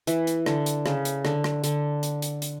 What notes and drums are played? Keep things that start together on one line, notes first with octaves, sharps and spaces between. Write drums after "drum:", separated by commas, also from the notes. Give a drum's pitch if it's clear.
E3, drum: hi-hat
drum: hi-hat
D3, drum: rim click
drum: hi-hat
C#3, drum: rim click
drum: hi-hat
D3, drum: rim click
drum: rim click
D3, drum: hi-hat
drum: hi-hat
drum: hi-hat
drum: hi-hat